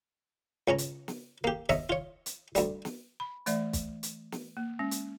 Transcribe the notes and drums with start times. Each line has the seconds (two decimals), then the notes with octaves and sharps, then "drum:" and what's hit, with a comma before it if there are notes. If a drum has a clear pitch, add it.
0.68 C#2 C#4 C#5 A#5
0.78 drum: hi-hat
1.08 drum: snare
1.44 A#3 G4
1.69 C#5 D#5 E5 A#5, drum: snare
1.89 F4 C#5
2.26 drum: hi-hat
2.55 D2 G3, drum: hi-hat
2.85 drum: snare
3.20 B5
3.46 E3 A3 D5 E5, drum: hi-hat
3.73 drum: kick, hi-hat
4.03 drum: hi-hat
4.32 drum: snare
4.57 A#3
4.79 G#3 C#4
4.91 drum: hi-hat